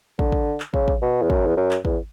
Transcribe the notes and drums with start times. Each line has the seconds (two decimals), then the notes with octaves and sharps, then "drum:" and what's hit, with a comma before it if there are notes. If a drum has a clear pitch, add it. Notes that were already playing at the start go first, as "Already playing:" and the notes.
0.19 D3, drum: kick
0.32 drum: kick
0.60 drum: clap
0.74 C#3, drum: kick
0.88 drum: kick
1.02 B2
1.22 E2
1.30 F#2, drum: kick
1.47 E2
1.57 F#2
1.71 drum: clap
1.85 E2, drum: kick